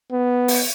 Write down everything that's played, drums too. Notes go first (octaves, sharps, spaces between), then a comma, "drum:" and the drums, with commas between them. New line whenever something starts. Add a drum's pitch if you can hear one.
B3
drum: open hi-hat